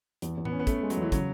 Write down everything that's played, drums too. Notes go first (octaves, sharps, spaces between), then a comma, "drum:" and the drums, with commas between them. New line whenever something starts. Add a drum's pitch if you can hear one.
E2, drum: hi-hat
E2
B3, drum: tom A2
C#4
B3
A3 C#4, drum: kick, hi-hat
G#3
F#3, drum: hi-hat
E2 E3
C#3 F#3, drum: kick, hi-hat